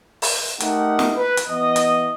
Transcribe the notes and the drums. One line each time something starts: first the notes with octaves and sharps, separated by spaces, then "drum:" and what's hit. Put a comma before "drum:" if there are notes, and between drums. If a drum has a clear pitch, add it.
drum: open hi-hat
A3 D#4 G4 A#4 F#5, drum: hi-hat
drum: snare
B4
drum: hi-hat
E3 B3 D#5
drum: hi-hat